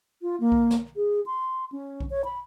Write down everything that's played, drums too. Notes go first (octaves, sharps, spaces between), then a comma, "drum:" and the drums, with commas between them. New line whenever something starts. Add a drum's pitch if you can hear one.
F4
A#3
drum: kick B1
drum: snare
G#4
C6
C#4
drum: kick B1
C#5
B5